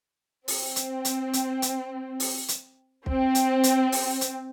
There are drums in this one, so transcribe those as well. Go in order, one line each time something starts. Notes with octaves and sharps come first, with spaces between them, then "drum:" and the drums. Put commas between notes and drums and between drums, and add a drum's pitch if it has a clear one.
C4, drum: open hi-hat
drum: hi-hat
drum: hi-hat
drum: hi-hat
drum: hi-hat
drum: open hi-hat
drum: hi-hat
C4, drum: kick
drum: hi-hat
drum: hi-hat
drum: open hi-hat
drum: hi-hat